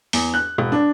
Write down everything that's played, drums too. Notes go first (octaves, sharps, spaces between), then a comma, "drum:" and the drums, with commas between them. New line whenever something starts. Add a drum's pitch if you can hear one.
E2, drum: open hi-hat
F#6
E1
D4